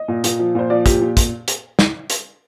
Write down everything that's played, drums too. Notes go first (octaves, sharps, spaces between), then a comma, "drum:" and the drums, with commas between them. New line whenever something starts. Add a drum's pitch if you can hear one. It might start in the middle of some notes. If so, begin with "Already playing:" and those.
Already playing: D#5
A#2
A#2, drum: hi-hat
F3
A#2 C5
F3 D5
A#2 G4, drum: kick, hi-hat
A#2
drum: kick, hi-hat
drum: hi-hat
drum: snare
drum: hi-hat